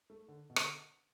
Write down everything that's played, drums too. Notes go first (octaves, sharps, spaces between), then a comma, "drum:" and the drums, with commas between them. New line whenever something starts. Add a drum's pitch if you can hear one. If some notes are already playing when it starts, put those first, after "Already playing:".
A3
D3
B2
D3, drum: rim click